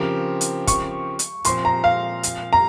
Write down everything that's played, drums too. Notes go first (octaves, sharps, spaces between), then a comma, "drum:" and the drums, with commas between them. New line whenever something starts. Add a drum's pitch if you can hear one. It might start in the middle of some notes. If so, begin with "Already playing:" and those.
Already playing: C#3 F3 C4 G4 A#4
drum: hi-hat
C#6, drum: kick, hi-hat
drum: hi-hat
A#2 F3 C4 C6, drum: hi-hat
A#5
F5
drum: hi-hat
A#5